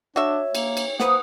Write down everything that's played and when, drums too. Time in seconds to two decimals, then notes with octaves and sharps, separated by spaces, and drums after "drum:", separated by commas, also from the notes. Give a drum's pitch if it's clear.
0.16 D4 F#4 C#5 E5
0.55 A#3, drum: cymbal
0.77 drum: cymbal
1.00 A#3 B4 C5 F#5 D#6, drum: snare